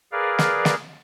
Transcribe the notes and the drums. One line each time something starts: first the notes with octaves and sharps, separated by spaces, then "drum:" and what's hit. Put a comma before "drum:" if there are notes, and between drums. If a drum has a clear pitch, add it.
G#4 A#4 B4 D5 F5
drum: snare
drum: snare